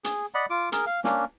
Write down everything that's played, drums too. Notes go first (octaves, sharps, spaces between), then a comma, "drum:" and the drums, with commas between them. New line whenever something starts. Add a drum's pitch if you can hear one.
G#4, drum: hi-hat
D5 D#5 F#5 B5
F4 D6
G#4 A#4, drum: hi-hat
F5
A#3 C#4 D4, drum: snare